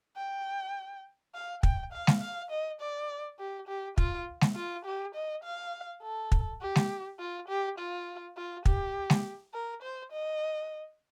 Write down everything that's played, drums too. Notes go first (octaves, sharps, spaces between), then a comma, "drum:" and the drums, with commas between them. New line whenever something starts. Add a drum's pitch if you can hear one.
G5
F5
G5, drum: kick
F5
drum: snare
F5
D#5
D5
G4
G4
F4, drum: kick
drum: snare
F4
G4
D#5
F5
A4
drum: kick
G4
drum: snare
F4
G4
F4
F4
G4, drum: kick
drum: snare
A#4
C5
D#5